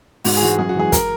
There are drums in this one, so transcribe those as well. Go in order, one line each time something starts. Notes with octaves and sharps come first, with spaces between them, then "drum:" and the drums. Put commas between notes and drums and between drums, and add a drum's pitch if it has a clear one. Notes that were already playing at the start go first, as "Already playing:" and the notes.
G#2 F#4, drum: open hi-hat
G#4
E3 G#3 F#4
F#2 G#4
F#4
E3 G#3 G#4
A#4, drum: kick, hi-hat